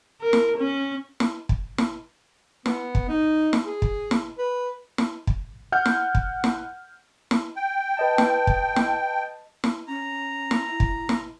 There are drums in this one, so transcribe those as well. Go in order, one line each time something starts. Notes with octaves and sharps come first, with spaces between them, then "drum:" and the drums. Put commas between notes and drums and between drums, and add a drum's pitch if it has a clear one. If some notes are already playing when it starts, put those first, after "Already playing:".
A#4
drum: snare
C#4
drum: snare
drum: kick
drum: snare
B3, drum: snare
drum: kick
D#4
drum: snare
G#4
drum: kick
drum: snare
B4
drum: snare
drum: kick
F#5 F6 G6
drum: snare
drum: kick
drum: snare
drum: snare
G5
B4 D#5 A5
drum: snare
drum: kick
drum: snare
drum: snare
C#4 A#5
drum: snare
E4
drum: kick
drum: snare